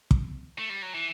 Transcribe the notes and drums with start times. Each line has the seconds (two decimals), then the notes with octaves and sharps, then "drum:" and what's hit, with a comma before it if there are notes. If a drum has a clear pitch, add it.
0.11 drum: kick
0.58 A3
0.70 G3
0.82 F#3
0.94 E3